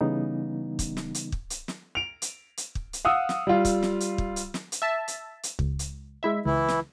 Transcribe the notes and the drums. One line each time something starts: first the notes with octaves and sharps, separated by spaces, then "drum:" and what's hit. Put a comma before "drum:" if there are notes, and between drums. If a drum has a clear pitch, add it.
C#3 E3 G3 B3 D#4
drum: kick, hi-hat
drum: snare
drum: hi-hat
drum: kick
drum: hi-hat
drum: snare
D7 F7
drum: hi-hat
drum: hi-hat
drum: kick
drum: hi-hat
F5 F#5 D#6 E6
drum: snare
G3 F4
drum: kick, hi-hat
drum: snare
drum: hi-hat
drum: kick
drum: hi-hat
drum: snare
drum: hi-hat
E5 A5
drum: hi-hat
drum: hi-hat
C#2, drum: kick
drum: hi-hat
G#3 E4 E5
C#2 E3 E4
drum: snare